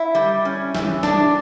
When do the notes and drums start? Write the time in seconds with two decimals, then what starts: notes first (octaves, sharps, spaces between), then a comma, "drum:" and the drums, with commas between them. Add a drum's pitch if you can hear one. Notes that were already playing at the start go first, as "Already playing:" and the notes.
Already playing: E4
0.15 G3
0.45 C#4
0.75 E3, drum: snare
1.03 D4, drum: snare